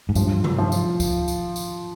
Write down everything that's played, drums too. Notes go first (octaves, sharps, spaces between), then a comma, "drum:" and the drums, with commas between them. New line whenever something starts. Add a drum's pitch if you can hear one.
G#2
G2 F3, drum: tambourine
drum: tom C3
F3
drum: tambourine
drum: kick, tambourine
drum: tambourine
drum: tambourine